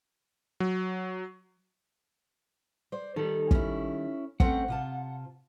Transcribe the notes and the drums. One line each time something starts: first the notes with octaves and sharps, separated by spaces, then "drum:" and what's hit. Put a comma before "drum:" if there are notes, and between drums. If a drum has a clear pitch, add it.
F#3
C5 D5
D#3 G3 A4
C#4 E4, drum: kick
A3 C4 C#4 F#5, drum: kick
C3 F4 A5